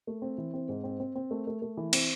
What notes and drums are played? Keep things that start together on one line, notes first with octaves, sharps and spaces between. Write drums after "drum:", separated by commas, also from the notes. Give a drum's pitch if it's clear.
A3
C4
E3
C4
G#2
C4
C4
C4
A3
A3
A3
E3
C4, drum: cymbal